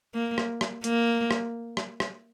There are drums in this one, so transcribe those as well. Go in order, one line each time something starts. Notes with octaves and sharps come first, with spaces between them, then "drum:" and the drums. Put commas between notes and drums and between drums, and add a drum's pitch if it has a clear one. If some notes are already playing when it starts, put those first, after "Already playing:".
A#3
drum: rim click
drum: rim click
A#3, drum: hi-hat
drum: rim click
drum: rim click
drum: rim click